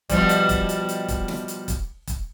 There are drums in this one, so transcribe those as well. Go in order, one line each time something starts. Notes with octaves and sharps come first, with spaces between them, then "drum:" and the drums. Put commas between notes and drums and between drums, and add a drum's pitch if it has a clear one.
B2 F3 G3, drum: kick E1, hi-hat
drum: hi-hat
drum: kick E1, hi-hat
drum: hi-hat
drum: hi-hat
drum: kick E1, hi-hat
drum: snare
drum: hi-hat
drum: kick E1, hi-hat
drum: kick E1, hi-hat